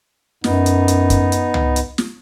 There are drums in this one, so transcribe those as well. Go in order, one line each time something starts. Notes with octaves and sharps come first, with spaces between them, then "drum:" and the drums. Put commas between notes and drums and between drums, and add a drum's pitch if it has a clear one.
F#2 B3 D#4, drum: snare
drum: hi-hat
drum: hi-hat
drum: kick, hi-hat
drum: hi-hat
drum: tom
drum: hi-hat
drum: snare